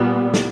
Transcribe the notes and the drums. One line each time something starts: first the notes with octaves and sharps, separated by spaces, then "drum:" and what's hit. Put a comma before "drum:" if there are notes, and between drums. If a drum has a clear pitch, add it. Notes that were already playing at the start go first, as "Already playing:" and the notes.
Already playing: A#2 G3 B3
drum: snare